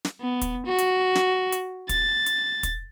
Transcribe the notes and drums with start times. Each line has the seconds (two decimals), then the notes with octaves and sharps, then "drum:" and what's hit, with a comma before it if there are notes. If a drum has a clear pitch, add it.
0.05 drum: snare
0.21 B3
0.41 drum: kick, hi-hat
0.66 F#4
0.78 drum: hi-hat
1.15 drum: snare
1.52 drum: hi-hat
1.89 A6, drum: kick, hi-hat
2.26 drum: hi-hat
2.63 drum: kick, hi-hat